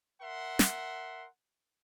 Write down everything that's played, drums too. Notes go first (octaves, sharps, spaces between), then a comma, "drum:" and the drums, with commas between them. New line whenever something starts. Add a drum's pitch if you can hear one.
A#4 E5 F#5 C6
drum: snare